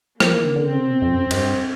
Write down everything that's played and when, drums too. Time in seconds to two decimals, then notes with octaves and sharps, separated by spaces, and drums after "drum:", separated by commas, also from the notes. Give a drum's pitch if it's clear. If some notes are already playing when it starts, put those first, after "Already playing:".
0.20 F3 A#3, drum: rim click
0.32 E3
0.44 D3
0.50 C#3
0.56 D3
0.66 C#3 C4
0.78 C3
0.90 B2
1.02 F2
1.12 F#2
1.31 F#2, drum: cymbal
1.36 G2